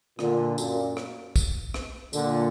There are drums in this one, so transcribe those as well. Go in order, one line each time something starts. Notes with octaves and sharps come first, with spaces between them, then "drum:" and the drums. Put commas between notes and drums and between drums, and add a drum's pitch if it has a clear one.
A#2 D3, drum: rim click
F#2 A#2, drum: tambourine
drum: rim click
drum: kick, tambourine
drum: rim click
A#2 D3, drum: tambourine